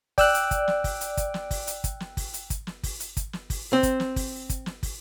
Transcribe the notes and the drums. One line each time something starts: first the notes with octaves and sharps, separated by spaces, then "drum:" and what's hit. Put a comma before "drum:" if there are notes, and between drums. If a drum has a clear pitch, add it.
D5 G5 E6 F#6, drum: kick, open hi-hat
drum: hi-hat
drum: kick, hi-hat
drum: snare
drum: kick, open hi-hat
drum: hi-hat
drum: kick, hi-hat
drum: snare
drum: kick, open hi-hat
drum: hi-hat
drum: kick, hi-hat
drum: snare
drum: kick, open hi-hat
drum: hi-hat
drum: kick, hi-hat
drum: snare
drum: kick, open hi-hat
drum: hi-hat
drum: kick, hi-hat
drum: snare
drum: kick, open hi-hat
C4
drum: kick, hi-hat
drum: snare
drum: kick, open hi-hat
drum: kick, hi-hat
drum: snare
drum: kick, open hi-hat